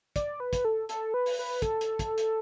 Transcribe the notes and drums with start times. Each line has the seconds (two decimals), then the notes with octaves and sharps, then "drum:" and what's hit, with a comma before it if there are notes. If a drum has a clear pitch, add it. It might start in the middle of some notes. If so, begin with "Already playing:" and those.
0.16 D5, drum: kick, hi-hat
0.40 B4
0.53 drum: kick, hi-hat
0.65 A4
0.89 A4, drum: hi-hat
1.14 B4
1.26 drum: open hi-hat
1.39 B4
1.62 A4, drum: kick, hi-hat
1.81 drum: hi-hat
1.99 drum: kick, hi-hat
2.18 drum: hi-hat